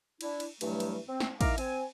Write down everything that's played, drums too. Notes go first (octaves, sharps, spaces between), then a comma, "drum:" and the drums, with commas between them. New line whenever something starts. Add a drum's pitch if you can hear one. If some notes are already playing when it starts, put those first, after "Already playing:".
D4 E4, drum: cymbal
drum: cymbal
G2 E3 F#3 G3 A3, drum: cymbal
drum: cymbal
C4
drum: snare
D#4 E4 A#4 F5 A#5 D6, drum: kick, cymbal
C4 G#5, drum: cymbal